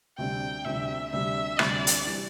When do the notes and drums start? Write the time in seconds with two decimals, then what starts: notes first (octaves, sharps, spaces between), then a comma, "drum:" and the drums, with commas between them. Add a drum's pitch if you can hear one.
0.18 D2 C3 G3 D4 G5
0.65 D2 C3 G3 D4 E5
1.12 D2 C3 G3 D4 E5
1.59 D2 C3 G3 D4 D5, drum: rim click
1.87 drum: hi-hat
2.06 E3 G3